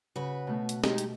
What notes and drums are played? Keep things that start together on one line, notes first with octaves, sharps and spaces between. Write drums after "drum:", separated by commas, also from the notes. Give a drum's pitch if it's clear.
C#3 F#4 B4
B2 A3
drum: hi-hat
G#3 D#4 G4, drum: snare
drum: hi-hat